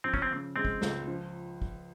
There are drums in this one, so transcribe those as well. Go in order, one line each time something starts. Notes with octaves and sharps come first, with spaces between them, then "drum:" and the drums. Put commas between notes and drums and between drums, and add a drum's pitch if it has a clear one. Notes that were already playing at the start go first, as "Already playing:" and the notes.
F3 C4
C#4, drum: kick
C4
C#3
G#3 C4
drum: kick
C#2, drum: snare
F3
drum: kick